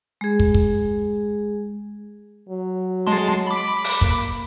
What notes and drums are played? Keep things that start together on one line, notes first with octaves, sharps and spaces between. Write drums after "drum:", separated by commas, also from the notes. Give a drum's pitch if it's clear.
G#3 G#4
drum: kick
drum: kick
F#3
G#3 A5 C6
B5 D6
drum: open hi-hat
A#3, drum: kick